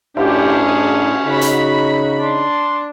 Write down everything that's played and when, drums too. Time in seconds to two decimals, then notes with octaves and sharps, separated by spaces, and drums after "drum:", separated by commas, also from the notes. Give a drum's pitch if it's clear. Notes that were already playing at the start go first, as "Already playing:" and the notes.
0.17 A2 C#4 D4 E4 G4, drum: cymbal
0.64 G#4
1.25 C#3 D#4 F#4 B5
1.41 drum: hi-hat
2.22 D4 C6